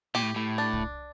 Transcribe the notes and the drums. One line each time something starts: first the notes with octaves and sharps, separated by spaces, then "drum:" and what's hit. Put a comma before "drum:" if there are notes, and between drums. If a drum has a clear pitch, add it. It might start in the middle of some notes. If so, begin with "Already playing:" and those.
A#2 G4
A2
A2
D4
drum: kick